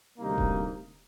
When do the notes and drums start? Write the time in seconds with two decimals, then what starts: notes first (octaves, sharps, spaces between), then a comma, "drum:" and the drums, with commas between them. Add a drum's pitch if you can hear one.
0.19 D2 C3 G3 A#3 D#4
0.38 drum: kick D#1